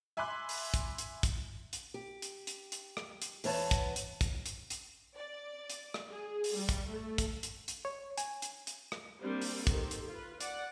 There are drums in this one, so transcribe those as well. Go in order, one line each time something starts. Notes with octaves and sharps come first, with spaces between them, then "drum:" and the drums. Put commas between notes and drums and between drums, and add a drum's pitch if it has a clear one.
E5 G#5 B5 C6 D6 F#6
drum: open hi-hat
drum: kick, hi-hat
drum: hi-hat
drum: kick, hi-hat
drum: hi-hat
G4
drum: hi-hat
drum: hi-hat
drum: hi-hat
drum: rim click
drum: hi-hat
E2 B3 C#5 A5, drum: open hi-hat
drum: kick, hi-hat
drum: hi-hat
drum: kick, hi-hat
drum: hi-hat
drum: hi-hat
D5
drum: hi-hat
drum: rim click
G#4
drum: open hi-hat
G3
drum: kick, hi-hat
A3
drum: kick, hi-hat
drum: hi-hat
drum: hi-hat
C#5
G#5, drum: hi-hat
drum: hi-hat
drum: hi-hat
drum: rim click
G3 A#3 C4 D4 A#4 C5
drum: open hi-hat
D#3 G4 A4 C5, drum: kick, hi-hat
drum: hi-hat
F4 B4
D5 F#5, drum: hi-hat